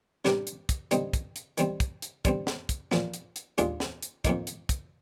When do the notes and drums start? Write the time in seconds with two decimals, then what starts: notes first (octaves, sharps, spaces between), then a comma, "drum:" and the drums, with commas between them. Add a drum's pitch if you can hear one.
0.25 C3 G3 D4 G4 A#4, drum: snare
0.47 drum: hi-hat
0.69 drum: kick, hi-hat
0.91 D3 G3 C4 D#4, drum: hi-hat
1.13 drum: kick, hi-hat
1.36 drum: hi-hat
1.58 D#3 G3 C4, drum: hi-hat
1.80 drum: kick, hi-hat
2.02 drum: hi-hat
2.25 D3 G3 C4, drum: kick, hi-hat
2.47 drum: snare
2.69 drum: kick, hi-hat
2.91 A#2 F3 A#3, drum: snare
3.14 drum: hi-hat
3.36 drum: hi-hat
3.58 D#2 D#3 G#3 D4 F4, drum: hi-hat
3.80 drum: snare
4.02 drum: hi-hat
4.25 F2 D#3 A#3 D#4, drum: kick, hi-hat
4.47 drum: hi-hat
4.69 drum: kick, hi-hat